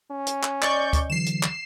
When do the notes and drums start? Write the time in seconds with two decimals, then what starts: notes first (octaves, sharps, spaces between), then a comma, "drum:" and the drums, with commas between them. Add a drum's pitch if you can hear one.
0.11 C#4
0.27 drum: hi-hat
0.43 drum: clap
0.62 D5 D#5 C#6 G6, drum: clap
0.93 drum: kick D2, hi-hat
1.10 D3 E3 F#3 C7 E7
1.26 drum: hi-hat
1.43 drum: clap